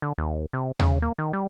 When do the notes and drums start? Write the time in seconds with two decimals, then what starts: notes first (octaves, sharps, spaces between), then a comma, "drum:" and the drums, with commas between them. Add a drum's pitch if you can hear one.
0.02 D3
0.18 D#2
0.53 C3
0.79 C#3, drum: tom D#2
1.02 A#3
1.18 D#3
1.33 G3